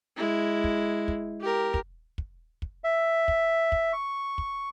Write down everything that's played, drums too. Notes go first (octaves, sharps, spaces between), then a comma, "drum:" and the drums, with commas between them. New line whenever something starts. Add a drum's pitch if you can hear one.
G#3 E4
drum: kick
drum: kick
G4 A#4
drum: kick
drum: kick
drum: kick
E5
drum: kick
drum: kick
C#6
drum: kick